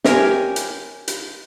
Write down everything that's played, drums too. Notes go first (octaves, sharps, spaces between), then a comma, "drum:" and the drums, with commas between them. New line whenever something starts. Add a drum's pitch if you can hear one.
G4 A#4 C#5 G#5, drum: snare
drum: hi-hat
drum: hi-hat